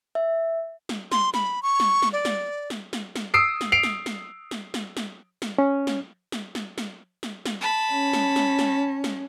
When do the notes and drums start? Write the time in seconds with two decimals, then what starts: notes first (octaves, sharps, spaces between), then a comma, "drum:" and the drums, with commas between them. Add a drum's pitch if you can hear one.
0.15 E5
0.89 drum: snare
1.12 C6, drum: snare
1.34 B5, drum: snare
1.63 C#6
1.80 drum: snare
2.02 drum: snare
2.13 D5
2.25 drum: snare
2.70 drum: snare
2.93 drum: snare
3.16 drum: snare
3.34 D#6 E6 C7 D7
3.61 drum: snare
3.72 C7 D7 F7
3.83 drum: snare
4.06 drum: snare
4.51 drum: snare
4.74 drum: snare
4.97 drum: snare
5.42 drum: snare
5.58 C#4
5.87 drum: snare
6.32 drum: snare
6.55 drum: snare
6.78 drum: snare
7.23 drum: snare
7.46 drum: snare
7.61 A5 B5
7.91 C#4
8.13 drum: snare
8.36 drum: snare
8.59 drum: snare
9.04 drum: snare